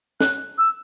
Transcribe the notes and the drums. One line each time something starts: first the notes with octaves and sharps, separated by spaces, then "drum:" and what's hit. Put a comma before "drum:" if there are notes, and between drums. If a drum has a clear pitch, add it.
F#6, drum: snare
E6